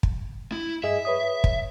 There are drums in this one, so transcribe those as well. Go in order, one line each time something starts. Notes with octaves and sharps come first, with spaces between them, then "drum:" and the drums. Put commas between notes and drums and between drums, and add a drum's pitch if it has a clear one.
drum: kick
E4
G2 G#4 D#5 E5
B4 C#5 D#6
drum: kick